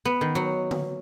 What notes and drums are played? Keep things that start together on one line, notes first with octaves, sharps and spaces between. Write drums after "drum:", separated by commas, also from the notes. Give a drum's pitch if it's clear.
B3
D#3
F#3
drum: tom D3